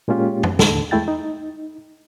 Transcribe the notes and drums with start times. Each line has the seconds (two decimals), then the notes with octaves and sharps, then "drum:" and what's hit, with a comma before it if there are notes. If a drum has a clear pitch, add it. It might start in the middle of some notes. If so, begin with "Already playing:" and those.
0.08 A#2 G#3 A#3 C#4 F4 G4
0.43 drum: tom
0.59 D#2 A2 D3 A4, drum: snare
0.91 E2 G#3 A3 E4 G5 A6
1.08 D#4